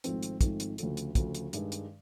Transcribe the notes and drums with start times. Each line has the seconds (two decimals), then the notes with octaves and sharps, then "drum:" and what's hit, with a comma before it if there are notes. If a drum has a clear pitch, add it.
0.04 G#1 G#2 F3 A3 C4, drum: hi-hat
0.23 drum: hi-hat
0.41 G#1 G#2 F3 A3 C4, drum: kick, hi-hat
0.60 drum: hi-hat
0.78 D2 C#3 F3 A3, drum: hi-hat
0.97 drum: hi-hat
1.15 D2 C#3 F3 A3, drum: kick, hi-hat
1.35 drum: hi-hat
1.53 G2 D#3 G#3, drum: hi-hat
1.72 drum: hi-hat